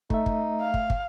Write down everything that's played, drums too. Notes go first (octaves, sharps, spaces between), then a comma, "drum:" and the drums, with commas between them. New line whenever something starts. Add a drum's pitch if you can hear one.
A3 D#4 E5, drum: kick
drum: kick
F5
drum: kick
drum: kick